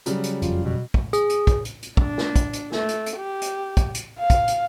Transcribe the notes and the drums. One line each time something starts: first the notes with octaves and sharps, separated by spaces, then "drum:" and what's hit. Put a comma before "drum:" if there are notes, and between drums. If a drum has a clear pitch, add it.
C#3 F#3 G3, drum: hi-hat
drum: hi-hat
F#1 F2 F4, drum: hi-hat
B2
drum: kick
G#4, drum: hi-hat
drum: hi-hat
drum: kick, hi-hat
drum: hi-hat
drum: hi-hat
D4, drum: kick
drum: snare
drum: kick, hi-hat
drum: hi-hat
A3, drum: snare
drum: hi-hat
drum: hi-hat
G4
drum: hi-hat
drum: kick, hi-hat
drum: hi-hat
F5
drum: kick, hi-hat
drum: hi-hat